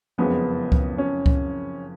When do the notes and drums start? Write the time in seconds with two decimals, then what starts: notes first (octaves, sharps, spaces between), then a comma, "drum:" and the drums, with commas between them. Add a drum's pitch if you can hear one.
0.18 F#1 F2 C#3 G#3 B3
0.72 drum: kick C#2
0.98 C#4
1.26 drum: kick C#2